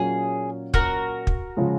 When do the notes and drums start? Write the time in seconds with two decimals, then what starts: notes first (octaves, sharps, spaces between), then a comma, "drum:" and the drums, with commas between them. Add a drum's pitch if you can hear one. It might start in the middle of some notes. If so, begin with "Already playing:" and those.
Already playing: A#2 F#3 A#3 C#4 G#4
0.74 F#4 A#4, drum: kick
1.27 drum: kick
1.57 C#3 F3 G#3